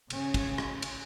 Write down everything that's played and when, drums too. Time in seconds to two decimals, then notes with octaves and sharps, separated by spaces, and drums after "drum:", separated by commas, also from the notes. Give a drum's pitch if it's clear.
0.10 C#3 C#4, drum: cymbal
0.34 drum: kick, cymbal
0.58 drum: rim click
0.82 drum: cymbal